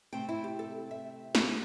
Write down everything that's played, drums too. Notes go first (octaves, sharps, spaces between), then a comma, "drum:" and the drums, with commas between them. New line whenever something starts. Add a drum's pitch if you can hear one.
C3 A3 C4 G5
E4
G4
A4
E5
drum: snare